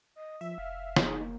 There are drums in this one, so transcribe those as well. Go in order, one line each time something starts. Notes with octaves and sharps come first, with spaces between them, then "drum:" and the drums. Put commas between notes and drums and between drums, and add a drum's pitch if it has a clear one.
D#5
F3 E5
F1 F5
D#4 G#4, drum: snare
A#3